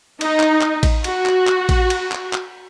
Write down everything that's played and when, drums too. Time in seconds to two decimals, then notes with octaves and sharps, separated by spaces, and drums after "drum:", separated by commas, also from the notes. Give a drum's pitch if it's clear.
0.21 D#4, drum: cymbal
0.40 drum: clap
0.61 drum: clap
0.83 drum: kick A1, cymbal
1.04 F#4, drum: cymbal
1.26 drum: clap
1.47 drum: clap
1.69 drum: kick A1, cymbal
1.90 drum: cymbal
2.12 drum: clap
2.33 drum: clap